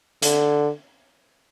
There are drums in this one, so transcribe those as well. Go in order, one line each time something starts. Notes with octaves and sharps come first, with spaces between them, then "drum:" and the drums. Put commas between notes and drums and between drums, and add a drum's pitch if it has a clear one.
D3, drum: hi-hat